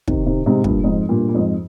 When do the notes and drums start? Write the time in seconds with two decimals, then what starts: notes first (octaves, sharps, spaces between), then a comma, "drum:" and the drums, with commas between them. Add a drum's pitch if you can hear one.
0.08 C3 D#3, drum: kick
0.26 C3 D#3
0.46 G#2 C3
0.64 G2 A#2, drum: kick
0.84 F2 G#2
1.09 G2 A#2
1.29 A#2
1.34 F2 G#2